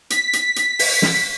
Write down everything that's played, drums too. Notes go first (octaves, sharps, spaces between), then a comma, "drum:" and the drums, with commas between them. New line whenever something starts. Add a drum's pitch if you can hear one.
B6, drum: hi-hat
drum: hi-hat
drum: hi-hat
drum: open hi-hat
drum: snare